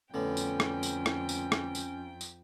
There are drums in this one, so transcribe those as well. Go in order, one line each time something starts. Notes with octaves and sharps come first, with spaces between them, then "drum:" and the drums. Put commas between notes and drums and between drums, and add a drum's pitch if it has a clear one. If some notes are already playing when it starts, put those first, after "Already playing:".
F2 A2 D3 B3 C#4 G5
drum: tambourine
drum: rim click
drum: tambourine
drum: rim click
drum: tambourine
drum: rim click
drum: tambourine
drum: tambourine